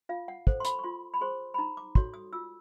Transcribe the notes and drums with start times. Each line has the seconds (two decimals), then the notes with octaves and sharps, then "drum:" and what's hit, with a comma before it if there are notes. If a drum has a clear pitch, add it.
0.09 F4 F5
0.28 F#5
0.47 A4 C5, drum: kick
0.60 C6
0.65 B5, drum: hi-hat
0.79 C#6
0.84 F4 C6
1.14 B5
1.21 G#4 C5 C6
1.54 B5
1.58 D#4 A#5
1.77 D6
1.95 F#4 A4 C#5 C6, drum: kick
2.14 D#6
2.33 F4 E6